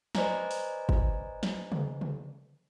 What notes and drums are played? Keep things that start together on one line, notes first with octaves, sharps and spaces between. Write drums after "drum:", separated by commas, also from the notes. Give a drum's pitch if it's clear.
B4 C5 D5 D#5 G#5 A#5, drum: snare
drum: open hi-hat
drum: kick
drum: snare
drum: tom C#3
drum: tom C#3